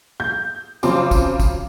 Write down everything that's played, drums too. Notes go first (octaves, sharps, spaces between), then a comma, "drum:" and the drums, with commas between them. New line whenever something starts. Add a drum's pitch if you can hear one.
G6
F#2 C#3 F3 C4 C6 D6, drum: tambourine
drum: kick, tambourine
drum: kick, tambourine